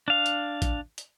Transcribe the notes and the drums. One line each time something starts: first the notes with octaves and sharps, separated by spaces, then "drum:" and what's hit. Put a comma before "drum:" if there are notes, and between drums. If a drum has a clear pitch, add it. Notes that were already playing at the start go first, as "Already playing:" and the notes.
D4 F5
drum: hi-hat
drum: kick, hi-hat
drum: hi-hat